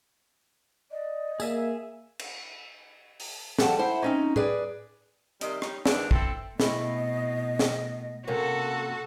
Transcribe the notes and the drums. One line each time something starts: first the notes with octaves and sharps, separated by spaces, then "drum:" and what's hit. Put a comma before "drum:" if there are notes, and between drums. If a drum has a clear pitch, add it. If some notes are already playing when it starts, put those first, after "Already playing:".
D5 D#5
A#3 G#4 E5 G#5, drum: tambourine
drum: cymbal
drum: open hi-hat
F3 G3 A4 F#5 A5, drum: snare
E4 C5 F#5
C4 C#4 D#4
G#4 B4 D5, drum: tom A2
C3 D#3 G3 D#5, drum: hi-hat
G3 C#4 D#4, drum: rim click
D3 E3 A#3 D4 D#4, drum: snare
C4 E4 A4, drum: kick
B2 A3 C4 E4 D#5, drum: snare
drum: snare
C3 A#3 C#4 F#4 A4